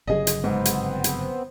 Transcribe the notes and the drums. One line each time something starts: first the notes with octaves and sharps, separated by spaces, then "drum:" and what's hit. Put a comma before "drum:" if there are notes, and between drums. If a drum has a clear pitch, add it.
G1 C#3 F#3 G#4 D#5
drum: hi-hat
G#2 B3 C4
drum: hi-hat
drum: hi-hat